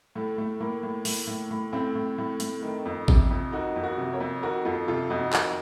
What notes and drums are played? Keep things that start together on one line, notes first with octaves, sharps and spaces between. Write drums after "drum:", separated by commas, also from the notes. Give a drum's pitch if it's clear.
A2 A3
A2 A3
A2 A#3
A2
A2, drum: open hi-hat
A2
A2
A2 A3 C4
A2
A2
A2, drum: hi-hat
D#3
F2
C3, drum: kick A1
F2
D#3 D#4 F#4
F2
F#4 A#4
C3
A#4 C#5
F2
D#3 F#4 A#4
F2 F4 A4
C3 F4 A4
F2 D#4 F#4
D#3, drum: clap